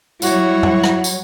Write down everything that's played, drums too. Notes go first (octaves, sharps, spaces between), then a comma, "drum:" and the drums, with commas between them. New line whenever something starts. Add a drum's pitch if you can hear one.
F#3 G3 E4 F#4 C#5, drum: tambourine
drum: tom F#2
drum: rim click
drum: tambourine